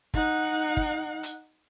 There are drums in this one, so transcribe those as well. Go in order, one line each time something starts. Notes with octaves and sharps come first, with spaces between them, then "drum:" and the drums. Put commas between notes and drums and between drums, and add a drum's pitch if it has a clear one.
D#4 F#5, drum: kick
drum: kick
drum: hi-hat